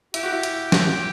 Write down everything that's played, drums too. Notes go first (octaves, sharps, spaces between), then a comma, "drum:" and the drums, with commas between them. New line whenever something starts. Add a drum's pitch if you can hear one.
E4 G4, drum: hi-hat
F#4
E4
drum: hi-hat
drum: snare